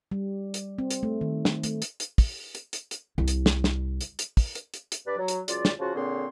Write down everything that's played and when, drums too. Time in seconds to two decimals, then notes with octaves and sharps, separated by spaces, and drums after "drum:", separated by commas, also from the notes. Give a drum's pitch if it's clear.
0.12 G3
0.54 drum: hi-hat
0.78 C4
0.91 drum: hi-hat
1.03 A3
1.21 D#3
1.45 drum: snare
1.63 A3, drum: hi-hat
1.82 drum: hi-hat
2.00 drum: hi-hat
2.18 drum: kick, open hi-hat
2.55 drum: hi-hat
2.73 drum: hi-hat
2.91 drum: hi-hat
3.18 C2
3.28 drum: hi-hat
3.46 drum: snare
3.64 drum: snare
4.01 drum: hi-hat
4.19 drum: hi-hat
4.37 drum: kick, open hi-hat
4.55 drum: hi-hat
4.74 drum: hi-hat
4.92 drum: hi-hat
5.06 G2 B4 D5
5.18 F#3
5.28 drum: hi-hat
5.48 C#2 F#3 F4 D5, drum: hi-hat
5.65 drum: snare
5.79 C#3 F3 F4 F#4
5.95 A#2 D3 C4 G#4 C#5 C6